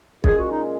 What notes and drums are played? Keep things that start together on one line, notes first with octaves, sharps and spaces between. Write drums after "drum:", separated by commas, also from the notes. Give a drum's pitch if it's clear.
A#2 G#3 C#4 G#4, drum: kick
F#4
D#4